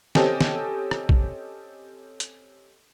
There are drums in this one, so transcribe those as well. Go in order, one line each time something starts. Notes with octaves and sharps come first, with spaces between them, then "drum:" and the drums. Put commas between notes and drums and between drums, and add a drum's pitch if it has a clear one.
C4 C#4 G4 A4 D#5 G#5, drum: snare
drum: snare
drum: rim click
drum: kick A#1
drum: hi-hat